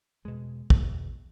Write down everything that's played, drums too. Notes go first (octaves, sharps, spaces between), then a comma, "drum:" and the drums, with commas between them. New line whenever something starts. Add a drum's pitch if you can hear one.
E2 B2 G#3
E2 B2, drum: kick